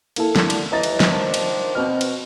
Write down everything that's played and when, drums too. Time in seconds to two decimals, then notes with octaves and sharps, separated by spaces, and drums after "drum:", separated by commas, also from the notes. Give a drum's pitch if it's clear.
0.16 A#3 E4 A4, drum: cymbal
0.36 D3, drum: snare
0.50 drum: cymbal
0.72 D#2 E3 D#5 A#5 A6
0.83 drum: cymbal
1.00 drum: snare
1.12 D#3 F3 D4
1.34 drum: cymbal
1.75 B2 C4 F6
2.01 drum: cymbal